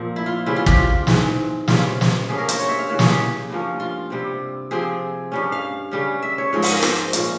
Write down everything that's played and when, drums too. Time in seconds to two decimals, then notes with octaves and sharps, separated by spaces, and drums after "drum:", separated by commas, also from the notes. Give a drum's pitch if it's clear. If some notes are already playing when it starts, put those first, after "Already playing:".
Already playing: A#2 F3 C4
0.16 E4
0.26 F4
0.46 C#3 G3 C4 E4
0.56 F4
0.66 G4, drum: kick
0.77 F4
1.07 G#2 E3 G#3 C4, drum: snare
1.68 C#3 G3 C4 F4, drum: snare
2.01 drum: snare
2.29 G2 G3 A#3 C#4 G#4
2.38 A#4
2.48 C5, drum: hi-hat
2.59 C#5
2.69 E5
2.79 F5
2.89 C#3 E3 A#3 C#4 C#5
2.99 G#4, drum: snare
3.09 G4
3.50 G2 F3 A#3 C#4
3.80 F4
4.10 C3 G3 C4
4.71 C3 F3 C4 G#4
5.32 G2 G3 C#4
5.52 F5
5.91 C#3 G3 C#4
6.22 E5
6.38 C#5
6.53 G#2 F3 G#3 C4 C#5
6.62 C5, drum: open hi-hat
6.72 A#4
6.83 C5, drum: rim click
7.13 A#2 F3 G#3 C#4, drum: hi-hat